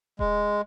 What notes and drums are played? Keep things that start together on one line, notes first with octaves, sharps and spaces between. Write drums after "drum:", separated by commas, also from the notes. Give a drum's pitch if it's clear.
G#3, drum: kick D#1